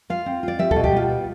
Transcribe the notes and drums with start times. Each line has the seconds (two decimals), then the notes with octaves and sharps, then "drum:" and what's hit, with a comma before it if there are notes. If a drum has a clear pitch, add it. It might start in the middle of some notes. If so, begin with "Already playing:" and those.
0.10 F4 F5
0.26 C4
0.43 F4 D5
0.59 G3 E5
0.71 B2 A4, drum: kick
0.84 G4, drum: kick
0.92 G3 F4
1.09 B3